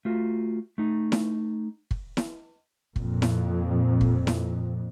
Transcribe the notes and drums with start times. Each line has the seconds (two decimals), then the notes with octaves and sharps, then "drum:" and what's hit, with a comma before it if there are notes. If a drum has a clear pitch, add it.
0.05 A3 F4 F#4
0.78 A3 D#4
1.12 drum: snare E4
1.91 drum: kick
2.17 drum: snare E4
2.96 F2 A#2, drum: kick
3.22 drum: snare E4
4.01 drum: kick
4.27 drum: snare E4